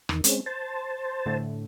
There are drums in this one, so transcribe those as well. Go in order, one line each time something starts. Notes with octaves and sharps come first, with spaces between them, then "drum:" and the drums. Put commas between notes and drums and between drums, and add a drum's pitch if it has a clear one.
E2 D#3, drum: rim click
G#3 C4 C#4, drum: hi-hat
C5 A5
A2 D3 A3